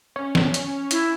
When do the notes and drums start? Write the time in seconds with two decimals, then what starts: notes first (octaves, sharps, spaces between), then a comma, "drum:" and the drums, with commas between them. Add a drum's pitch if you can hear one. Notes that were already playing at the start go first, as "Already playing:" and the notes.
0.16 C#4
0.35 drum: snare
0.54 drum: hi-hat
0.91 E4, drum: hi-hat